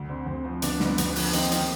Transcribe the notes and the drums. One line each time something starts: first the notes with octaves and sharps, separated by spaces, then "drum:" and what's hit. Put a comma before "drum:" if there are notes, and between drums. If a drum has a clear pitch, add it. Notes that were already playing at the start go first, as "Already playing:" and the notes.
Already playing: D2
D3 C4
D2 C4
F3 C4
D2 B3 D4, drum: hi-hat
D3, drum: snare
B3 D4
D2, drum: hi-hat
B3 D4
F3, drum: open hi-hat
D#2 C4 D#4, drum: hi-hat
D#3, drum: hi-hat